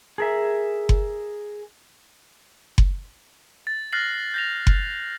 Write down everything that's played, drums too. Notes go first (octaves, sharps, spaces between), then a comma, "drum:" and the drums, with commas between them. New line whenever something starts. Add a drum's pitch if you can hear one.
G#4 A#4 E5
drum: kick F#1
drum: kick F#1
A6
F6 F#6 A6 A#6 C7 F#7
G6 A#6 F7
drum: kick F#1